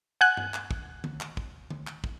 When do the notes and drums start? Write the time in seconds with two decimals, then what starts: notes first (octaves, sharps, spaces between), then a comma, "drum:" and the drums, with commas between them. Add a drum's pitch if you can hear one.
0.21 F#5 G#5 F#6
0.37 drum: tom G2
0.54 drum: clap
0.71 drum: kick
1.04 drum: tom D3
1.21 drum: clap
1.37 drum: kick
1.70 drum: tom D3
1.87 drum: clap
2.04 drum: kick